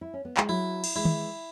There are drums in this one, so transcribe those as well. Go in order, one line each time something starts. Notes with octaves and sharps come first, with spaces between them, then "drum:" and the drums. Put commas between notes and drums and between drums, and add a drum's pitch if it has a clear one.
E4
C#4
B3
G#3, drum: clap
F#3 E4
drum: cymbal
E3 G#3 E4
drum: tom D#3